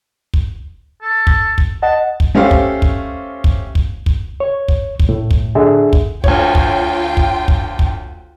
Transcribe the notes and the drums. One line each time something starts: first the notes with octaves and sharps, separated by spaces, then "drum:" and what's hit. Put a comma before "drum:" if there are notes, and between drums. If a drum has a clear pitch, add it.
drum: kick
A4
drum: kick
drum: kick
D#5 F#5 A5
drum: kick
A3 C#4 G4 C5 F5
drum: kick
drum: kick
drum: kick
drum: kick
drum: kick
C#5
drum: kick
drum: kick
A2
drum: kick
D3 G#4 E5
drum: kick
D2 F4 C#5 G5, drum: kick
drum: kick
drum: kick
drum: kick
drum: kick